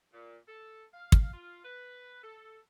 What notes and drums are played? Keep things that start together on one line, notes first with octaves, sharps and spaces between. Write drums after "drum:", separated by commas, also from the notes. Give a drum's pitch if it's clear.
A#2
A4
F5
drum: kick
F4
B4
A4